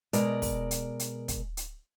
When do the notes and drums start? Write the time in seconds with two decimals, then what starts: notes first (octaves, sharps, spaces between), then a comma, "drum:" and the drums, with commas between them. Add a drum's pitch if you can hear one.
0.13 B2 G#3 A#4 D5, drum: hi-hat
0.42 drum: kick, open hi-hat
0.71 drum: hi-hat
1.00 drum: hi-hat
1.28 drum: kick, hi-hat
1.57 drum: hi-hat